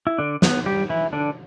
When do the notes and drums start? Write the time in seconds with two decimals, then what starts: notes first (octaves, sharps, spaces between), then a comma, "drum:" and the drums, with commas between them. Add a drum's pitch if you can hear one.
0.07 E4
0.18 D3 D4
0.42 B3, drum: snare
0.66 G3 G4
0.89 E3 E4
1.13 D3 D4